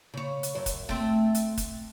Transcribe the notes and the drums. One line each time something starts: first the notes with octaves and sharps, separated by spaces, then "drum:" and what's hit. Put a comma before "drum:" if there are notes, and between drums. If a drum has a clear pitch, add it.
C#3 C#5
drum: hi-hat
F#2
drum: kick, hi-hat
A3 C4, drum: kick
drum: hi-hat
drum: kick, hi-hat